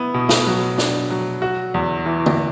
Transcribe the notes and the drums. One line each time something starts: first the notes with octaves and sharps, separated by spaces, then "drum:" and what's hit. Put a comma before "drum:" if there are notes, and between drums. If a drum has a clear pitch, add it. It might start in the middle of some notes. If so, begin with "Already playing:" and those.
Already playing: B3 E4
B2
drum: snare
F#3
D4, drum: snare
F#3
F#4
E2
E3
drum: tom D3